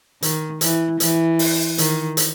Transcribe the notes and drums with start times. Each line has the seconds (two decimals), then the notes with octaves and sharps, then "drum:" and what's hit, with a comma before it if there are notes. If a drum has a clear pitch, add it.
0.22 D#3, drum: hi-hat
0.61 E3, drum: hi-hat
1.00 E3, drum: hi-hat
1.39 drum: open hi-hat
1.78 D#3, drum: hi-hat
2.17 drum: hi-hat